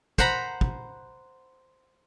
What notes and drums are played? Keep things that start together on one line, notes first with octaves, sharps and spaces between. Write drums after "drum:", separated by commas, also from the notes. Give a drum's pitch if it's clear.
C5 F#5 A#5 B5, drum: kick
drum: kick